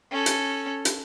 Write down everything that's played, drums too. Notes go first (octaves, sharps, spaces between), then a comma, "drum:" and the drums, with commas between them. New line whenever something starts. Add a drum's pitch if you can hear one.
C#4 A4
drum: hi-hat
drum: hi-hat